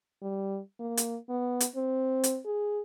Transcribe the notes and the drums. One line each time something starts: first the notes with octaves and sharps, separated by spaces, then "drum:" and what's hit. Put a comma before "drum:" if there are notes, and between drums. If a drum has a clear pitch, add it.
G3
A#3
drum: hi-hat
B3
drum: hi-hat
C4
drum: hi-hat
G#4